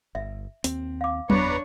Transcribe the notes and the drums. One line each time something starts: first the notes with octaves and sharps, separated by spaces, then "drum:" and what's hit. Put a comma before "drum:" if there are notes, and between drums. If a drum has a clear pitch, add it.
G1 E5
D#2 C4, drum: hi-hat
F5 D6
F#1 E2 B3 D4 B4 C#5 D5 A#5, drum: tom F#3